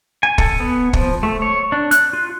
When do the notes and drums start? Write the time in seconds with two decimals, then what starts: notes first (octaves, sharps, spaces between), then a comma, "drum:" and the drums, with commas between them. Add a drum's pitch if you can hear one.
0.23 G#5
0.38 A4, drum: kick
0.60 B3
0.93 F3, drum: kick
1.23 A3
1.42 C#5
1.72 D4
1.91 F#6, drum: hi-hat
2.13 F4